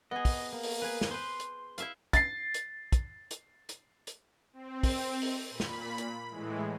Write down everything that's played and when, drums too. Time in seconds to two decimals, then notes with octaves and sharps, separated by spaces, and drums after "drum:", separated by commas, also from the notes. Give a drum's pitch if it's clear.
0.11 B3 G#4 D#5
0.25 drum: kick, open hi-hat
0.53 A#3
0.63 drum: open hi-hat
0.82 G#4 B4
1.01 drum: snare
1.11 B4 C5 C6
1.40 drum: hi-hat
1.78 E4 E5 F5, drum: hi-hat
2.13 A6 C7, drum: kick, hi-hat
2.54 drum: hi-hat
2.92 drum: kick, hi-hat
3.31 drum: hi-hat
3.69 drum: hi-hat
4.07 drum: hi-hat
4.53 C4
4.83 drum: kick, open hi-hat
5.22 drum: open hi-hat
5.50 A#2 B5
5.60 drum: snare
5.98 drum: hi-hat
6.29 A2 E3 G#3